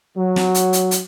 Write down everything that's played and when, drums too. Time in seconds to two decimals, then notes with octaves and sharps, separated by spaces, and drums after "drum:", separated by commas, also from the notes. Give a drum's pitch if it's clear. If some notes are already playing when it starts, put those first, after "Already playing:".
0.18 F#3
0.36 drum: snare
0.55 drum: hi-hat
0.73 drum: hi-hat
0.91 drum: hi-hat